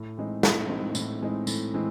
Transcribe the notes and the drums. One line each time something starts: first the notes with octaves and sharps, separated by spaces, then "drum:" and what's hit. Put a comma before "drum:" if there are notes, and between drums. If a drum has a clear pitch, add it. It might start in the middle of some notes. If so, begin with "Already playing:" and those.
Already playing: A2
E3 G#3 C4 D#4
A2, drum: snare
E3 G#3 C4 D#4
A2, drum: tambourine
E3 G#3 C4 D#4
A2, drum: tambourine
E3 G#3 C4